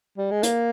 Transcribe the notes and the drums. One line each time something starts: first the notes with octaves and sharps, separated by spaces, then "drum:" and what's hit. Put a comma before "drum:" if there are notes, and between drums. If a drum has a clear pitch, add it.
G3
G#3
A#3, drum: hi-hat